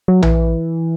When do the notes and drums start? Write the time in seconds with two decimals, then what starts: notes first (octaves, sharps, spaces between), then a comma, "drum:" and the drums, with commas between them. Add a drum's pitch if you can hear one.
0.08 F#3
0.22 E3, drum: tom A#1